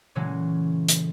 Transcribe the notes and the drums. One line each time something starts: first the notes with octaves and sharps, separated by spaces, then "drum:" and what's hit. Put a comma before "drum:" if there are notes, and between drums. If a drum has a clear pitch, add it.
A#2 C#3 E3 F#3 G#3 A3
drum: hi-hat